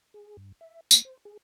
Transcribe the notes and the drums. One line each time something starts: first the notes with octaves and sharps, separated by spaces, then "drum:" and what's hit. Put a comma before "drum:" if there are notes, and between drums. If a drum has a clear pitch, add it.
G#4
G2
E5
A#3, drum: tambourine
C5
G#4